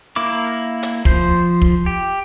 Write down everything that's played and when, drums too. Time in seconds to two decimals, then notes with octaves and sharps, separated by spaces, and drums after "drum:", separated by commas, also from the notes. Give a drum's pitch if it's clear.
0.16 A#3 E4 D6
0.83 drum: hi-hat
1.05 F3 C5, drum: kick
1.62 drum: kick
1.86 G4